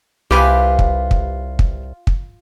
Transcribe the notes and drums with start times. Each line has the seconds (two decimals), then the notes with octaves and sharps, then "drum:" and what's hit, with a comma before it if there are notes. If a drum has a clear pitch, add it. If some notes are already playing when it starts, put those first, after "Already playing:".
0.31 C2 F4 G4 B4 G#5
0.79 drum: kick
1.11 drum: kick
1.59 drum: kick
2.07 drum: kick